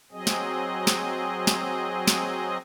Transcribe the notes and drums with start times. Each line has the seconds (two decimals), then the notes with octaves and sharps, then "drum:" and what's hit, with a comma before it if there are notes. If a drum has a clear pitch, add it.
0.12 F#3 C4 G#4 D#5
0.27 drum: snare
0.87 drum: snare
1.47 drum: snare
2.08 drum: snare